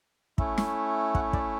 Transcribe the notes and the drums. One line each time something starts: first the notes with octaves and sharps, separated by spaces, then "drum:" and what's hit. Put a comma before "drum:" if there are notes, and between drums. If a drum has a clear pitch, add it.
A3 C#4 E4, drum: kick
drum: snare
F#5, drum: kick
D5, drum: kick